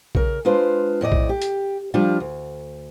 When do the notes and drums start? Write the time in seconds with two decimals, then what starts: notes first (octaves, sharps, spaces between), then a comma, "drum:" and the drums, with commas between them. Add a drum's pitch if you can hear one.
0.15 C#3 A#4, drum: kick A#1
0.45 G#3 D4 F4 B4 C5
1.01 F2 A2 D5 D#5
1.12 drum: kick A#1
1.29 G4
1.42 drum: hi-hat
1.94 F3 G3 D4 F4
2.20 D2